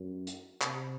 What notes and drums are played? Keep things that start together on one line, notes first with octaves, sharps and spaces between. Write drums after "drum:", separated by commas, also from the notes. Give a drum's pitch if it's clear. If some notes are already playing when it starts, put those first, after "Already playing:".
Already playing: F#2
drum: hi-hat
C3, drum: clap